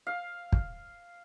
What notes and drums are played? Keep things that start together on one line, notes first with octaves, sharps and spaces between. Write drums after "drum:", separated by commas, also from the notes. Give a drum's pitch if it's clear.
F5
drum: kick